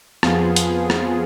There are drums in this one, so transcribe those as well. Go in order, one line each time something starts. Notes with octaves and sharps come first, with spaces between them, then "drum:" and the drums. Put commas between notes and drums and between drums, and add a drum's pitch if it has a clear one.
F2 F3 B3 F4 G#4, drum: rim click
drum: hi-hat
drum: rim click